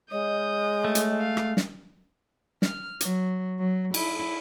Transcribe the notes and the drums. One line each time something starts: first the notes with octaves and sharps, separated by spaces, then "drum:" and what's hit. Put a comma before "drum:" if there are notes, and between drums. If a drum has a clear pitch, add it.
G#3 C#5 D#5 D#6 G6
A3
drum: hi-hat
F5
drum: rim click
drum: snare
F6, drum: snare
F#3, drum: hi-hat
F#3
E4, drum: cymbal